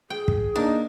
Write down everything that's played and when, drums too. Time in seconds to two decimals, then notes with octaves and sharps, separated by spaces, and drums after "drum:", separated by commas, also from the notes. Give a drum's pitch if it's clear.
0.10 G#4 G5
0.28 drum: kick
0.56 A#3 D4 D#4